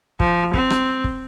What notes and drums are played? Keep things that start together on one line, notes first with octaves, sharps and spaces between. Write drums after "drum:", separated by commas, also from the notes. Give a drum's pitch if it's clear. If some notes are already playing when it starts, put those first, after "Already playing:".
F3, drum: kick
C4, drum: kick
drum: rim click
drum: kick